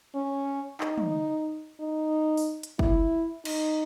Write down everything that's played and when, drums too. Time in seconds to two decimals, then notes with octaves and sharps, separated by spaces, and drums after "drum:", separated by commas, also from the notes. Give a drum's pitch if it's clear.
0.15 C#4
0.80 D#4, drum: clap
0.98 drum: tom
1.80 D#4
2.37 drum: open hi-hat
2.63 drum: hi-hat
2.79 E4, drum: kick
3.45 D#4, drum: cymbal